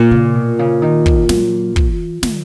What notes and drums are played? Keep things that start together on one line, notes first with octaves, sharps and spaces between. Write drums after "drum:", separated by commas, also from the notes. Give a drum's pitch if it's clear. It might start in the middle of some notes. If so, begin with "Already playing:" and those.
Already playing: A#2
C#3
B2
C#3
D#3
drum: kick
F#3, drum: snare
E3, drum: kick
D#3, drum: snare